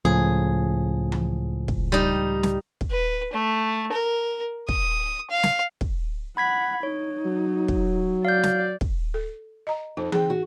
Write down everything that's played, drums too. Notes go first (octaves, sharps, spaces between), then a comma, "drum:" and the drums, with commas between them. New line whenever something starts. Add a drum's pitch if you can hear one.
C#2 A2 F3 G#4
drum: tom E3
drum: kick
G3 D#4
drum: snare
drum: kick
B4
A3
A#4
D#6, drum: kick
F5
drum: snare
drum: kick
F#5 B5 G#6 B6
D#4 C#5
F#3
drum: kick
D5 F5 G6
drum: snare
drum: kick
A4
D#5 A#5
F2 D#4
C4 G#4 G5, drum: tom E3
F#4